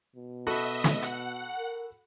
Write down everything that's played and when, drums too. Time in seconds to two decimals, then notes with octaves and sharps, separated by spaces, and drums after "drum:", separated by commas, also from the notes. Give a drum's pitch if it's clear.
0.16 B2
0.47 F#4 A4 D#5 E5 B5
0.84 drum: snare
1.02 F#5, drum: hi-hat
1.58 A#4